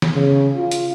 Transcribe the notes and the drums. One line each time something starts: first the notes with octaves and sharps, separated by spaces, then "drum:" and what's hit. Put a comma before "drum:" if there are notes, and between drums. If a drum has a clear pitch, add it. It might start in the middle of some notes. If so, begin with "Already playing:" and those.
drum: snare
C#3
F4
drum: hi-hat